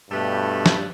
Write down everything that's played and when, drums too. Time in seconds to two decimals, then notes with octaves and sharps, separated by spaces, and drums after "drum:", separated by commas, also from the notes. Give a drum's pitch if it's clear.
0.11 G2 B2 A3 G4 A4 B4
0.66 drum: snare